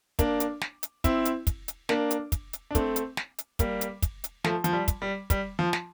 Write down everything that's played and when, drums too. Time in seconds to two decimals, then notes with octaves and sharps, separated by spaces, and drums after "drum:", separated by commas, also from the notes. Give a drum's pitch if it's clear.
0.19 A#3 D4, drum: kick, hi-hat
0.40 drum: hi-hat
0.61 drum: snare
0.83 drum: hi-hat
1.04 C4 E4, drum: kick, hi-hat
1.25 drum: hi-hat
1.47 drum: kick, hi-hat
1.68 drum: hi-hat
1.89 A#3 D4, drum: snare
2.11 drum: hi-hat
2.32 drum: kick, hi-hat
2.53 drum: hi-hat
2.71 D4
2.75 A3 C4, drum: kick, hi-hat
2.96 drum: hi-hat
3.17 drum: snare
3.38 drum: hi-hat
3.59 G3 A#3, drum: kick, hi-hat
3.81 drum: hi-hat
4.02 drum: kick, hi-hat
4.24 drum: hi-hat
4.44 F3 A3, drum: snare
4.64 F3, drum: hi-hat
4.73 G3
4.88 drum: kick, hi-hat
5.02 G3
5.30 G3, drum: kick, hi-hat
5.59 F3
5.73 drum: snare